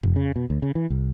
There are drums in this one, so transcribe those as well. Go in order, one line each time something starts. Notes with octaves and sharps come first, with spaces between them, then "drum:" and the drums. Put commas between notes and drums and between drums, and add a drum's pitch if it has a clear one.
F1, drum: tom F2
C#3
B2
D2
C#3
E3
C2